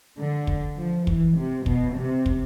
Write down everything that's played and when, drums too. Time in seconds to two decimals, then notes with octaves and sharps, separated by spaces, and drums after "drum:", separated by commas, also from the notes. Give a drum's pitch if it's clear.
0.18 D3
0.47 drum: kick
0.77 F3
1.07 E3, drum: kick
1.37 C3
1.66 B2, drum: kick
1.96 C3
2.26 drum: kick